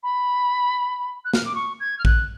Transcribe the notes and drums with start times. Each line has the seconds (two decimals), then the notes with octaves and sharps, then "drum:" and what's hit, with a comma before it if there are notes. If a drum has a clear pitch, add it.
0.03 B5
1.25 F#6
1.34 F6, drum: snare
1.45 D6
1.54 C#6
1.79 G#6
1.98 F6
2.05 F#6, drum: kick